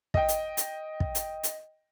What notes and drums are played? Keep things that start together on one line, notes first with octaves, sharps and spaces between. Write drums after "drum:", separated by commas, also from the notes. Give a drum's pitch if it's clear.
D#5 G5, drum: kick
drum: hi-hat
drum: hi-hat
drum: kick
drum: hi-hat
drum: hi-hat